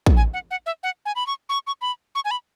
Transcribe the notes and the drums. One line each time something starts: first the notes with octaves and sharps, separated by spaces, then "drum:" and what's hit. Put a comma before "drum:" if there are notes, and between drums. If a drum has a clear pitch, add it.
drum: kick
G#5
F#5
F#5
E5
F#5
G#5
B5
C#6
C#6
C#6
B5
C#6
G#5
B5